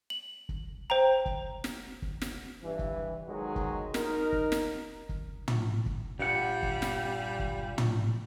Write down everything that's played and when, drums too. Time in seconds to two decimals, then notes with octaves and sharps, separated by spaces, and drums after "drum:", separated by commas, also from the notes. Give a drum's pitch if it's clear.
0.10 F#7
0.49 drum: kick
0.90 C5 G5 A#5
1.26 drum: kick
1.64 drum: snare
2.02 drum: kick
2.21 drum: snare
2.63 G2 E3
2.79 drum: kick
3.27 B1 D#3 F#3 G#3 F#4
3.56 drum: kick
3.94 D#4 A#4, drum: snare
4.33 drum: kick
4.52 drum: snare
5.09 drum: kick
5.48 drum: tom
5.86 drum: kick
6.20 G2 A#2 G3 F#5
6.63 drum: kick
6.82 drum: snare
7.39 drum: kick
7.78 drum: tom